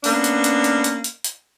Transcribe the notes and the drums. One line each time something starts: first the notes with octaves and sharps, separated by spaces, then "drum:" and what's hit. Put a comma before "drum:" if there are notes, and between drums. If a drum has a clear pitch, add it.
A#3 B3 C#4 D4, drum: open hi-hat
drum: hi-hat
drum: hi-hat
drum: hi-hat
drum: hi-hat
drum: hi-hat
drum: hi-hat